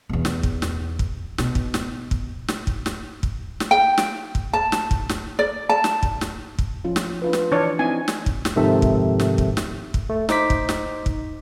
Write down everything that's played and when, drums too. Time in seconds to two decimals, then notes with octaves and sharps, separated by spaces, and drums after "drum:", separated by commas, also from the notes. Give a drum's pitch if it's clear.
0.09 E2 B2
0.25 drum: snare
0.43 drum: kick
0.62 drum: snare
0.99 drum: kick
1.38 B2, drum: snare
1.55 drum: kick
1.74 drum: snare
2.11 drum: kick
2.48 drum: snare
2.67 drum: kick
2.86 drum: snare
3.23 drum: kick
3.60 drum: snare
3.71 G5
3.98 drum: snare
4.35 drum: kick
4.53 A5
4.72 drum: snare
4.91 drum: kick
5.09 drum: snare
5.39 D5
5.69 A5
5.84 drum: snare
6.03 drum: kick
6.21 drum: snare
6.59 drum: kick
6.85 F3 C#4 F4
6.96 drum: snare
7.22 D4 F4 B4
7.33 drum: snare
7.52 E3 D4 C#5
7.79 C4 D#4 E4 G#5
8.08 drum: snare
8.26 drum: kick
8.45 drum: snare
8.56 G#2 C3 D#3 F3 A4 E5
8.82 drum: kick
9.20 drum: snare
9.38 drum: kick
9.57 drum: snare
9.94 drum: kick
10.09 A3
10.29 D#4 C5 D6 B6, drum: snare
10.50 drum: kick
10.69 drum: snare
11.06 drum: kick